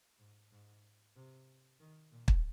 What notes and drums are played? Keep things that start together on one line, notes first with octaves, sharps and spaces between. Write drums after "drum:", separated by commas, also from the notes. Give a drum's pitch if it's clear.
G#2
G#2
C3
D#3
A#2
drum: kick